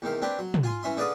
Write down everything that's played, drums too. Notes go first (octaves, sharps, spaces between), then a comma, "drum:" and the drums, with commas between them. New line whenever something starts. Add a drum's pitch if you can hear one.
E2 C3 D#3 F5
C4 D4 G4 B4
F#3
drum: tom
F4 G#5 C6
E3 C#4 E5 C6
D3 G#4 B4 D5 F5 D#6